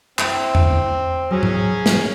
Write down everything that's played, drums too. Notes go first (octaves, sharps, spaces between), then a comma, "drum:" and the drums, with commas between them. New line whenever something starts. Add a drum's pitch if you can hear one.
C4 E4 E5, drum: clap
drum: tom E2
F#3 C#4 G#4
drum: tom G#2
drum: snare